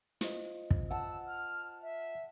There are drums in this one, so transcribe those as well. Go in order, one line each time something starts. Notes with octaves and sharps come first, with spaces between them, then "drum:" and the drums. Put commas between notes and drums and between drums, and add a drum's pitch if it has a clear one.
F4 C5 D#5, drum: snare
drum: kick
F#5 A5 E6
F6
E5